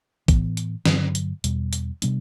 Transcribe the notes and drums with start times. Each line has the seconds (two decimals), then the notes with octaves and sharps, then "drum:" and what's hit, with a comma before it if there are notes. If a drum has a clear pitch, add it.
0.28 A2 E3 B3, drum: kick, hi-hat
0.57 drum: hi-hat
0.85 G2 D3 F#3, drum: snare
1.15 drum: hi-hat
1.44 E2 B2 G3, drum: hi-hat
1.73 drum: hi-hat
2.02 C3 G3 B3 D4, drum: hi-hat